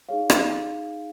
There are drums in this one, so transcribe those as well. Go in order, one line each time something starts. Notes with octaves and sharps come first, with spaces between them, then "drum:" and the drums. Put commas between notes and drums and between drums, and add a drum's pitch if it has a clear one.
D#4 G#4 C#5 F5
drum: rim click